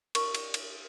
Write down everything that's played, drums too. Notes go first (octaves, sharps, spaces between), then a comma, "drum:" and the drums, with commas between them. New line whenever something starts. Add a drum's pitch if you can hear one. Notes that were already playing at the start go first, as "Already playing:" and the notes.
A#4 C#6, drum: cymbal
drum: cymbal
drum: cymbal